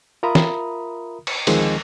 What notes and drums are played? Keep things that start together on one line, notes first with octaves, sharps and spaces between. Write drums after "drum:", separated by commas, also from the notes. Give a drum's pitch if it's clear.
F4 A#4 E5 A#5 B5 D#6
drum: snare
drum: cymbal
D2 D#3 F3 G#3 C4, drum: cymbal